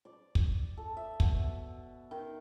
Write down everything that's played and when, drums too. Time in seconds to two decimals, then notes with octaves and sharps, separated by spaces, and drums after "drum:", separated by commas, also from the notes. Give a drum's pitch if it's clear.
0.05 D5
0.35 drum: kick
0.77 A4
0.97 E5
1.20 B2, drum: kick
2.11 D#3